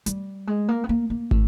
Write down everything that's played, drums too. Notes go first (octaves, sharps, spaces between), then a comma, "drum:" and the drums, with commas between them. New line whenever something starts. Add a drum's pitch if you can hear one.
G3, drum: hi-hat
G#3
A#3
B3
A#3
A#3
A3, drum: kick